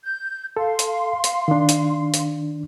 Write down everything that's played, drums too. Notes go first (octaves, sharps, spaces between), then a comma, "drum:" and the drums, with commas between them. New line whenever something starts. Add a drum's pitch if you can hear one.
G6
A4 F5 C6
drum: hi-hat
drum: hi-hat
D#3 D4
drum: hi-hat
drum: hi-hat